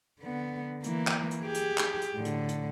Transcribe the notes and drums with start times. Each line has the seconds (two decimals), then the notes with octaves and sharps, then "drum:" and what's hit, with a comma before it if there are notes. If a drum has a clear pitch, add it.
0.20 D3 B3
0.84 E3 A#3, drum: hi-hat
1.07 drum: clap
1.31 drum: hi-hat
1.42 G4 G#4
1.54 drum: hi-hat
1.78 drum: clap
2.01 drum: hi-hat
2.15 A2 D3
2.25 drum: hi-hat
2.48 drum: hi-hat